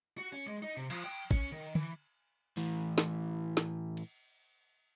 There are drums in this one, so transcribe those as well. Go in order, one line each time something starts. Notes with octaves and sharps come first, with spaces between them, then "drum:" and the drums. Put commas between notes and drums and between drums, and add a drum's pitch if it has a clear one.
F#4
C#4
G#3
D#4
C3
F3, drum: cymbal
G5
C#4, drum: kick
D#3
E3, drum: tom
A2 E3
drum: snare
drum: snare
drum: cymbal